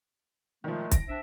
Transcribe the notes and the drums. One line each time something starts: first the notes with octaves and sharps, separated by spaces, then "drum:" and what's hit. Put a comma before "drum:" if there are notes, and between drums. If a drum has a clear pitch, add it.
A#2 D#3 F3 G#3 A3
A#6 D7, drum: kick, hi-hat
C4 D4 E5